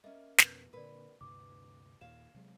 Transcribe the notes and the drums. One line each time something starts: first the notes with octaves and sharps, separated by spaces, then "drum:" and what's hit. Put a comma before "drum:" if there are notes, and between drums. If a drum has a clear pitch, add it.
A#3 C#4 D#5 E5
F2 B2 B3 B4, drum: snare
A#2 D3 A#4 B4 D5
D2 G2 C3 D6
D#2 A#2 C#5 F5 E7
C3 F#3 G#3